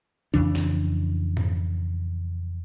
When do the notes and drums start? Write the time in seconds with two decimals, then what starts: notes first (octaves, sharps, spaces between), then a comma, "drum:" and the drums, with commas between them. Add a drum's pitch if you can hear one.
0.34 F2 C#3 E3 D4, drum: kick
0.55 drum: snare
1.37 drum: tom G#2